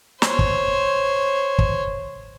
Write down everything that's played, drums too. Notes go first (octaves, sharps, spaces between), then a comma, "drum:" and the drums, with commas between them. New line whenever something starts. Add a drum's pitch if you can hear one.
C5 C#5, drum: snare
drum: kick
drum: kick